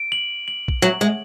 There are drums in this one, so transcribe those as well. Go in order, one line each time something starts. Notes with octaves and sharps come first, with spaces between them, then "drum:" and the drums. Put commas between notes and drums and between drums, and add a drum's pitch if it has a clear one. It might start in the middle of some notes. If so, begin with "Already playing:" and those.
Already playing: D7
F#7
F#7
drum: kick A#1
F#3 F#7
G#3